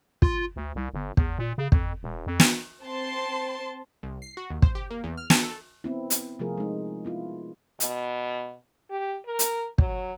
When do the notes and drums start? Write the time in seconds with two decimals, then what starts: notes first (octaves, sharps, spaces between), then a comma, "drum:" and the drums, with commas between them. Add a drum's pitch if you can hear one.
0.22 F4, drum: kick
0.56 D2
0.76 C2
0.94 G1
1.17 E2, drum: kick
1.39 A#2
1.58 C#3
1.72 F2, drum: kick
2.03 E1
2.27 F2
2.40 drum: snare
2.84 C4 A5 C6
4.03 C2
4.22 C7
4.37 F#4
4.50 D#2
4.62 C5, drum: kick
4.75 G4
4.91 A#3
5.04 E2
5.17 F6
5.30 A5, drum: snare
5.43 A4
5.84 B3 C4 E4
6.10 drum: hi-hat
6.39 C3 F3 A3 F4 G#4 A#4
6.57 G#3 D#4
7.05 B3 E4 F4
7.80 B2, drum: hi-hat
8.90 G4
9.26 A#4
9.39 drum: hi-hat
9.78 F#3, drum: kick